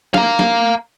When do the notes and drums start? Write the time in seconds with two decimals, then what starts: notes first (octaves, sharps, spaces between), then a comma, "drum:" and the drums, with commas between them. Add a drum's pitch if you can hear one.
0.14 F5 A#5, drum: snare
0.39 drum: snare